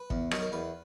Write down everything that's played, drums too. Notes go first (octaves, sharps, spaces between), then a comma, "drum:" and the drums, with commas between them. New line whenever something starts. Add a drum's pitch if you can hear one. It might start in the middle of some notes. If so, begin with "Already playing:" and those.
Already playing: B4
E2, drum: kick
D#3 F#3, drum: rim click
A#4
E2 B4